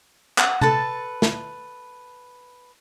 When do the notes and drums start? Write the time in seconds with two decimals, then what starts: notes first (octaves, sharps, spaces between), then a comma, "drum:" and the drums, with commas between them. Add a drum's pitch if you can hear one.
0.38 F#5, drum: clap
0.61 A4 B4 A5, drum: tom C3
1.22 drum: snare